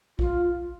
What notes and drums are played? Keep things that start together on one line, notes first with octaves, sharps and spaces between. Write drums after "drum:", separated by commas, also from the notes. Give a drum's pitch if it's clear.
F4, drum: kick